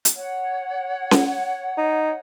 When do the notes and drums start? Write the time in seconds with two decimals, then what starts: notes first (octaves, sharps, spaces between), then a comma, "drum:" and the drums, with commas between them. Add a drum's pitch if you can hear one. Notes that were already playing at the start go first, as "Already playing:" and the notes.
0.05 drum: hi-hat
0.15 C#5 F#5
1.11 drum: snare C#4
1.78 D#4